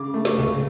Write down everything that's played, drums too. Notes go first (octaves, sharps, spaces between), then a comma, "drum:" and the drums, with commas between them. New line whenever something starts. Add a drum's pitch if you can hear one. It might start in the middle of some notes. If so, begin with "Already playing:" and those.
Already playing: C#3 D6
A3
C#6, drum: snare
C#2